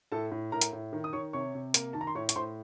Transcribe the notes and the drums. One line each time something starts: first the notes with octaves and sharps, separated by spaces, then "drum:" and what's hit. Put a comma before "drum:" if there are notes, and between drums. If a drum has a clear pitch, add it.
A2 A4 A5
A2
A2 A#4 A#5
drum: hi-hat
A2
D#3
D#6
D#3 C#5 C#6
C3 C#5 C#6
C3
A#3, drum: hi-hat
D#3 A5
A#5
C6
A2 C#5 C#6
C#6, drum: hi-hat
A2 C5 C6